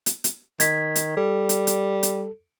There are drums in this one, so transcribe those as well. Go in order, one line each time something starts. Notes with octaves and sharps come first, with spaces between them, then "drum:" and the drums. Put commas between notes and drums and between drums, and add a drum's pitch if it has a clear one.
drum: hi-hat
drum: hi-hat
D#3 G#6 B6, drum: hi-hat
drum: hi-hat
G3 A4
drum: hi-hat
drum: hi-hat
drum: hi-hat